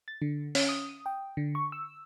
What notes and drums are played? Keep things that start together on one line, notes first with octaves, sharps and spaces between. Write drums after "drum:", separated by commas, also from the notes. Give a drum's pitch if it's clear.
A6
D3
C#4, drum: open hi-hat
D#6
G5
D3
C#6
E6